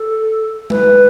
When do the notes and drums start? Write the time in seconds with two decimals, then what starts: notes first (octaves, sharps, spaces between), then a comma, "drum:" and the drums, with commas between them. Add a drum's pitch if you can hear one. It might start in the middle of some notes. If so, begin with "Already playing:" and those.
Already playing: A4
0.70 B4, drum: tom G#3